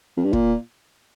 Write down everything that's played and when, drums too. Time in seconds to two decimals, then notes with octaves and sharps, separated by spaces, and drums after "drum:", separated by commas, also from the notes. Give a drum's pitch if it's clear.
0.17 F2
0.24 G2
0.33 A#2, drum: kick